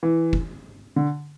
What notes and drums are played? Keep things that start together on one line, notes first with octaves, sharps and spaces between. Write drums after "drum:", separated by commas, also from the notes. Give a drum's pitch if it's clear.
E3
drum: kick
D3